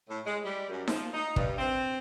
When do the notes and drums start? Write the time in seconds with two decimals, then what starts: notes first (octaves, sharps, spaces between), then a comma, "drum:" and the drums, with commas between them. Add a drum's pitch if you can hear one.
0.08 A2
0.26 G#3
0.44 G3
0.69 F#2
0.87 F3, drum: snare D#4
1.13 D#4
1.36 G2, drum: kick
1.58 C4